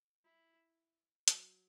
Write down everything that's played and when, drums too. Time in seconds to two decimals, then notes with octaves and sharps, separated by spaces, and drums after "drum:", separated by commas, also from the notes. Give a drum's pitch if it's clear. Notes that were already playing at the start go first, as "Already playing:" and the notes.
0.24 E4
1.28 F#3, drum: hi-hat